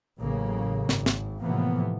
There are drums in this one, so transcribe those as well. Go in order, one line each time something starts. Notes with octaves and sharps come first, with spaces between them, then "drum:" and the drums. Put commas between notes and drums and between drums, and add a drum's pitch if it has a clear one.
A1 C#3 F#3 A#3
G#1, drum: snare
drum: snare
A2 C3 E3 F3 A#3 B3